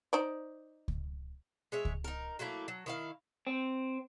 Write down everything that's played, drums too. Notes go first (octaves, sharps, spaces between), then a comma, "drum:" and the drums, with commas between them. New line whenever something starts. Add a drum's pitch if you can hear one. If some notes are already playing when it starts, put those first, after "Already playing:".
D#4 C5 D5
drum: kick C#2
G#3 C#5 E5
drum: kick C#2
D#4 A#4
F#3 A3 A#3 E4
F#3
D#3 E4 F5
C4